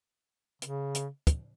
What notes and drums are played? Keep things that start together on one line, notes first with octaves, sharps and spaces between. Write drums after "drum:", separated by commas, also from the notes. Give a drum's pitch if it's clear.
C#3, drum: hi-hat
drum: hi-hat
drum: kick, hi-hat